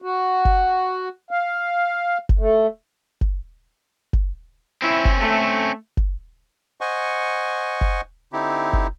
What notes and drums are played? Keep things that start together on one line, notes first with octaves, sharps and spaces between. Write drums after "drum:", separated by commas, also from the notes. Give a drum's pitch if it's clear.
F#4
drum: kick F#1
F5
drum: kick F#1
A3
drum: kick F#1
drum: kick F#1
C4 C#4 E4
drum: kick F#1
A3
drum: kick F#1
C5 D#5 F#5 G#5 C#6
drum: kick F#1
D3 C4 D#4 E4 G4
drum: kick F#1